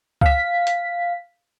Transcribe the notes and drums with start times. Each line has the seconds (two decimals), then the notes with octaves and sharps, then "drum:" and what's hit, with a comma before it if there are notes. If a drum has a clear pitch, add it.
0.21 F5 B6, drum: kick C#2
0.67 drum: hi-hat